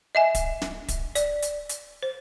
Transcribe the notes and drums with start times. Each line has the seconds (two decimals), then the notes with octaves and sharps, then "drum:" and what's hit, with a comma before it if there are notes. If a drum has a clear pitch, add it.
0.15 D#5 E5 G#5
0.35 drum: kick D1, hi-hat
0.62 drum: snare
0.88 drum: kick D1, hi-hat
1.15 D5, drum: hi-hat
1.42 drum: hi-hat
1.69 drum: hi-hat
2.03 C5